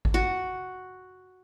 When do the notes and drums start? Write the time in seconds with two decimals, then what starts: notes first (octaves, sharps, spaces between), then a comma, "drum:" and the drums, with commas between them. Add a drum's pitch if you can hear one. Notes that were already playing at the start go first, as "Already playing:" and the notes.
0.05 drum: kick
0.14 F#4